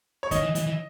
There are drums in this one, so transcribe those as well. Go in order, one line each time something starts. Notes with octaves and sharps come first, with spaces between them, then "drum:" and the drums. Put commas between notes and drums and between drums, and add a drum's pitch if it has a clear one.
C#5
D#3 D#5, drum: kick, hi-hat
E3
E3, drum: hi-hat
E3